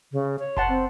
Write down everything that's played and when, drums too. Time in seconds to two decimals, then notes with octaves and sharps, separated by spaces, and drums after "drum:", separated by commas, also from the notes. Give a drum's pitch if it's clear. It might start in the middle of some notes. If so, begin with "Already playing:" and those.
0.12 C#3
0.39 C#5
0.57 F#5 A5 C6, drum: kick F#1
0.68 C4 A5